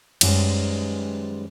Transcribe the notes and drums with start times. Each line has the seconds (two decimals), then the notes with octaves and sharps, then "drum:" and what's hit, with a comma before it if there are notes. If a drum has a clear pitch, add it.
0.21 F#2 D#3 G3 G#3 B4 C5, drum: cymbal